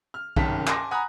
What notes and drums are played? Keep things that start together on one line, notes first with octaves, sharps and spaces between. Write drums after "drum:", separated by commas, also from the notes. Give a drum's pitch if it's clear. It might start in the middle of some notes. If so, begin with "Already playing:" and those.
F6
F#1 C2 D#3 C#4 A5 B6, drum: kick B1
G#5 A5 C6 D6 A#6, drum: clap
F#5 G#5 A#5 B5 D#6 F#6